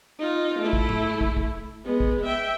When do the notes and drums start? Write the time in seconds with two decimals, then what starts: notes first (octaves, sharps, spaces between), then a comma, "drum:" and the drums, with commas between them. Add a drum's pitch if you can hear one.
0.19 D#4 F4
0.59 A3 E4
0.73 drum: kick
0.89 drum: tom G#2
1.21 drum: kick
1.37 drum: kick
1.84 G#3 B3
2.00 drum: kick
2.25 E5 G5